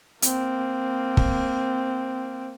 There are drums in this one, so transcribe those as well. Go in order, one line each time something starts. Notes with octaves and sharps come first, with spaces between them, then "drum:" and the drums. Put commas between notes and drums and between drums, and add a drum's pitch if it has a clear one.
A#3 C4, drum: hi-hat
drum: kick